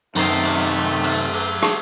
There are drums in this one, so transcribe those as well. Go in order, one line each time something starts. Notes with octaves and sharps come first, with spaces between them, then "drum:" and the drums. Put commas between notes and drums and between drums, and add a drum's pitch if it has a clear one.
F#2 C3 D#3 A3 D#4 A#4 C5, drum: cymbal
drum: cymbal
drum: cymbal
drum: cymbal
drum: rim click